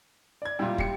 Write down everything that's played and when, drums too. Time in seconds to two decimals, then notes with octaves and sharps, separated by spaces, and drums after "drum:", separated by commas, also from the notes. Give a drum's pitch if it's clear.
0.42 D5 G#6
0.59 A#2 G3 E4 F4
0.78 G4 C7 C#7, drum: kick